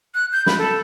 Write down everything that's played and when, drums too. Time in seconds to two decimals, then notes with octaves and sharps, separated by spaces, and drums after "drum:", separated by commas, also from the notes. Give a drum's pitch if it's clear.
0.15 F#6
0.32 G6
0.46 B5, drum: snare
0.59 A4